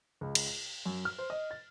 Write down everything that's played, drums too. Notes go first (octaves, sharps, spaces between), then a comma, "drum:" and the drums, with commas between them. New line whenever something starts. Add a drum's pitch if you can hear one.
C#2
drum: cymbal
F7
F#2
F6
C5
D#5
A6